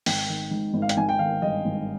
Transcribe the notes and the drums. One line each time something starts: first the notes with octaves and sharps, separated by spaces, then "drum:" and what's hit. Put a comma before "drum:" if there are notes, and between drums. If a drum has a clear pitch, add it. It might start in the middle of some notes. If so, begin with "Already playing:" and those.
G#1 G5, drum: open hi-hat
D#3
G#2
G#1
F5
G5, drum: hi-hat
G#1 G#5
G5
D#3 F5
G2 D#5
G#1